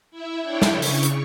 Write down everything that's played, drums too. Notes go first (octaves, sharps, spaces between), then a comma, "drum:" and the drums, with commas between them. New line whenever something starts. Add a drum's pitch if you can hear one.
E4 E5
D4 E4 C#5 G5
drum: snare
C#3 C#6
drum: open hi-hat
drum: hi-hat